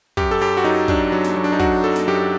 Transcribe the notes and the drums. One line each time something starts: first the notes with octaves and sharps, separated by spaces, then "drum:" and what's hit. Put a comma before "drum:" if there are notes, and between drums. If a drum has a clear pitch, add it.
F#2 G4, drum: kick
A4
F#2 G4
F#4
F#3 D#4
F#3 D4, drum: kick
F#3
drum: snare
F#3
D4
D#4
F#3 F#4, drum: kick
F#2 A4
drum: snare
F#2 G4